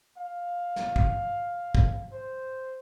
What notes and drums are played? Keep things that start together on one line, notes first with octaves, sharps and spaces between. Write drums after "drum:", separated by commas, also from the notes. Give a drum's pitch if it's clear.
F5
drum: snare
drum: kick
drum: kick
C5